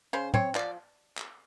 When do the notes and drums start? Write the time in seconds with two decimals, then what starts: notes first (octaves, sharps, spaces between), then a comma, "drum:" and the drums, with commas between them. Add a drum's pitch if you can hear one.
0.13 C#3 C5
0.34 C4 C#5, drum: tom A2
0.55 F3 D5, drum: clap
1.18 drum: clap